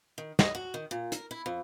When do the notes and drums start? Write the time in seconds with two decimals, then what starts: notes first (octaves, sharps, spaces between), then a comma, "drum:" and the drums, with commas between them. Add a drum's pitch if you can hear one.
0.18 D#3
0.39 D#5, drum: snare
0.55 F#4
0.74 D#3
0.91 A#2
1.12 A#4, drum: hi-hat
1.31 E4
1.46 F2